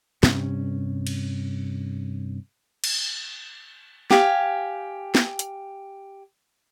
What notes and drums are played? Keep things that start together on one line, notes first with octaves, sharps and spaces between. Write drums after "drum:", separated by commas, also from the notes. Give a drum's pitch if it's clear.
G2 C3 C#4, drum: snare
drum: cymbal
drum: cymbal
G4 F5 G#5, drum: snare
drum: snare
drum: hi-hat